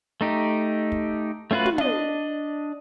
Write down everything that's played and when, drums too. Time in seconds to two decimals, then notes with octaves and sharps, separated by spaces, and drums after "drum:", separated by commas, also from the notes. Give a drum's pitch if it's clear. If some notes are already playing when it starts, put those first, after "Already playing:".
0.21 A3 D#4 G4
0.92 drum: kick
1.51 A3 C#4 F4 F#4 B4
1.66 drum: tom
1.78 D4 D#5, drum: tom